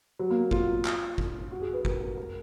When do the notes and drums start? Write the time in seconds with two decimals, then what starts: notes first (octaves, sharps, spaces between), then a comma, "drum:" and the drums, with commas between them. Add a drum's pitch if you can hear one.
0.19 F#3
0.30 A#3
0.51 F4, drum: kick
0.85 drum: clap
1.18 drum: kick
1.51 F#4
1.62 G#4
1.74 B4
1.85 A#4, drum: kick
2.00 A#4
2.18 A#4